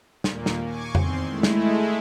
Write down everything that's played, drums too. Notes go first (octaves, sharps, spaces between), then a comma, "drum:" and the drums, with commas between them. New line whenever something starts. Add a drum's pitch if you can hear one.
D#2 A#2 A#3, drum: snare
drum: snare
G#5 C#6 D6
E2 D#3 C4 C6, drum: tom F2
G#3 A3 E4
drum: snare